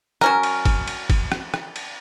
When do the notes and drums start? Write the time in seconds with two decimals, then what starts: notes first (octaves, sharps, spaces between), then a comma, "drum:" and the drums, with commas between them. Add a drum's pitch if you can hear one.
0.21 F#3 C#4 A#4, drum: rim click
0.43 drum: cymbal
0.65 drum: kick, cymbal
0.88 drum: cymbal
1.10 drum: kick, cymbal
1.32 drum: rim click
1.54 drum: rim click
1.76 drum: cymbal